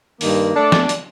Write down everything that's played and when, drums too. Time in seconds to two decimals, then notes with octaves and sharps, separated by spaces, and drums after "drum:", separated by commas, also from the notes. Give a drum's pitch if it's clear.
0.21 G2 D#3 A#3, drum: open hi-hat
0.55 A3 D4 A4 D5
0.72 drum: snare
0.89 drum: hi-hat